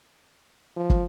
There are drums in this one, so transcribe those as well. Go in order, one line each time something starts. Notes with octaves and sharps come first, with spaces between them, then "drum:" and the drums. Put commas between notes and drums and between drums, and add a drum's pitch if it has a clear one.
F3
drum: kick